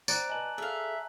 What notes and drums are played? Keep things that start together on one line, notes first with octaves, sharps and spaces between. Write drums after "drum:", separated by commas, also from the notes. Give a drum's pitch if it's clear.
C5 D5 G5 A#5 F#6, drum: tambourine
B4 D#5 G#5 A5 F#7
G#4 A4 E5 F5